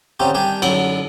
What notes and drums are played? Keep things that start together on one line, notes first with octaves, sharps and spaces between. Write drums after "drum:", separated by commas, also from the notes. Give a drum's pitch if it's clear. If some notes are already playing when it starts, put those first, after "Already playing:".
D3 C4 C#4 D#4 F4 G4
D#3 G3 D4 G4 G5 G#5
F#2 D3 F#3 E4, drum: cymbal